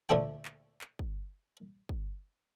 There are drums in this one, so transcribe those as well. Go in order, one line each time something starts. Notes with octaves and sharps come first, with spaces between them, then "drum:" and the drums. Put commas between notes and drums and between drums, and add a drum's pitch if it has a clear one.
D2 A#2 A3 D4 A4 G5
drum: clap
drum: clap
drum: kick
drum: kick